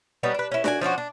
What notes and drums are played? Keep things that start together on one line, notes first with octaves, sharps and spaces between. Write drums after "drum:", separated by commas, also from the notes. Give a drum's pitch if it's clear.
G3 B3 C#4 D#4
D4 B4
C#4 E4
F#4 D5 G#5, drum: snare D4
F3 C#4 D4 F#4
D4